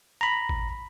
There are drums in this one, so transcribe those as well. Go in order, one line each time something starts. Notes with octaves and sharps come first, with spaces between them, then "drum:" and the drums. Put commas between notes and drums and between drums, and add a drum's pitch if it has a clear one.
A#5 B5
drum: kick